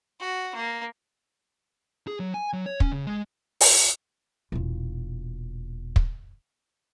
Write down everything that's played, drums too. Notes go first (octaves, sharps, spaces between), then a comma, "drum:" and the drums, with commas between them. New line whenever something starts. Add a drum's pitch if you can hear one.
F#4
A#3
G#4
F#3
G#5
F#3
C#5
C#4, drum: kick
C#3
G#3
drum: open hi-hat
E1 A#2
drum: kick